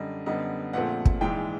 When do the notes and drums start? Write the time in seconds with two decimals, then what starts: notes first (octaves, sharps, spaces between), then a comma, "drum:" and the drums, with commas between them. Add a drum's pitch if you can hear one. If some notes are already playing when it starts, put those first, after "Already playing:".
Already playing: F#2 D3 G3 D#5
0.26 F#2 D3 G3 B3 D#5
0.73 A#1 A#2 F3 A3 C4 F#5
1.05 drum: kick
1.21 A#1 G#2 E3 G#3 G5